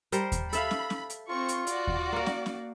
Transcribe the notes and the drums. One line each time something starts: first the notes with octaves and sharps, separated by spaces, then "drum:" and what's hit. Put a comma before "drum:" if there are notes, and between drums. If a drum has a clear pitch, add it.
G3 A#4 C5, drum: hi-hat
drum: kick D#2, hi-hat
A4 E5 F5 B5, drum: hi-hat
drum: snare
drum: snare
drum: hi-hat
C4 F4 C#6
drum: hi-hat
F#4 D5, drum: hi-hat
drum: kick D#2
A#3 A#4
drum: snare
drum: snare